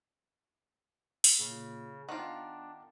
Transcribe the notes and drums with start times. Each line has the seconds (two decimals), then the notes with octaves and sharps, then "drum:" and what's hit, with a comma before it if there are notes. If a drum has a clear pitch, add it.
1.24 drum: open hi-hat
1.39 A#2 C#3
2.09 D#3 B3 D4 F4 F#5 G5